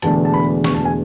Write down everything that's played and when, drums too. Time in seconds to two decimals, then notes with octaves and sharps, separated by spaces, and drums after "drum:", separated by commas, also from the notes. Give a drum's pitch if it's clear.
0.02 E1 E2 D3 A3 D4 A5, drum: hi-hat
0.25 A5
0.34 B5
0.64 C#6, drum: snare
0.75 A5
0.85 G#5